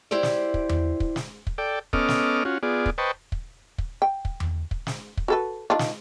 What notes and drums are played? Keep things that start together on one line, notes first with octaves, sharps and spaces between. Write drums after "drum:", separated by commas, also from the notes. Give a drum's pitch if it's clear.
E4 G4 C5 D5
drum: snare
drum: kick
drum: tom E2
drum: kick
drum: snare
drum: kick
A4 D5 G5
B3 C#4 A4 D#5 D6 F6, drum: kick
drum: snare
C#4 F4 F#4
B3 F4 G#4 D5
drum: kick
B4 C5 D#5 G5 A5 C#6
drum: kick
drum: kick
G5
drum: kick
drum: tom E2
drum: kick
drum: snare
drum: kick
F#4 A4 B4
D#3 D4 F4
drum: snare